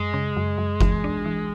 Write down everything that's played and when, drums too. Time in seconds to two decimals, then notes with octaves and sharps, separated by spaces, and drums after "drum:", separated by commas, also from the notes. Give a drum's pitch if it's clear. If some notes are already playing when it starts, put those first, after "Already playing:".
Already playing: F#2 G#3
0.14 C#3
0.37 F#2
0.58 F#2
0.81 E3, drum: kick F#1
1.04 D4
1.26 E3